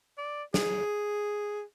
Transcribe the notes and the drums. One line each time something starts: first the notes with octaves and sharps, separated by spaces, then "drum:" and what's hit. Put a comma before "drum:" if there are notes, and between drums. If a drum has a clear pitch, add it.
D5
G#4, drum: snare